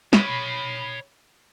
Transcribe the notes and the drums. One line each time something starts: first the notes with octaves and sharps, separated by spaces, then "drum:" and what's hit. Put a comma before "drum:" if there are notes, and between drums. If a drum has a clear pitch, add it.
C#5 B5, drum: snare